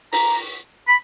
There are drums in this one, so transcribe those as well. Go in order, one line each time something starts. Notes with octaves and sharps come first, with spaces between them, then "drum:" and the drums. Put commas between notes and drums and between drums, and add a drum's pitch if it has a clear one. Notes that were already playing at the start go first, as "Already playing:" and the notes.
A#5, drum: open hi-hat
B5